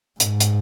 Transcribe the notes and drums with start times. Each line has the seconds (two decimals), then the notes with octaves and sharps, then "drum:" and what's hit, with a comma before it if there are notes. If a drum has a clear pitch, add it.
0.20 G#2, drum: hi-hat
0.40 drum: hi-hat